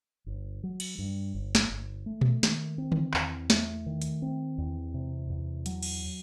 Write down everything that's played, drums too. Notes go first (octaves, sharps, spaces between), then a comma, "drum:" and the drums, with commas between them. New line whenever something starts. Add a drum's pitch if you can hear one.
G1
F#3
drum: cymbal
G2
G1
drum: snare
G1
A3
drum: tom A#2
D#3, drum: snare
C4
drum: tom D3
E2, drum: clap
A3, drum: snare
D#3
drum: hi-hat
C4
E2
C3
E2
F#3, drum: hi-hat
drum: cymbal